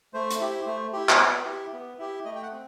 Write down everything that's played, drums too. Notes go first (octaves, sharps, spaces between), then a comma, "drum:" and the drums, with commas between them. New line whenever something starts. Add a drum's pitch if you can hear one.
A3 C5
drum: hi-hat
E4 G4
A3
E4 G4
drum: clap
B3
E4 G4
B3
E4 G4
A3 D#5
G5
F#5
C4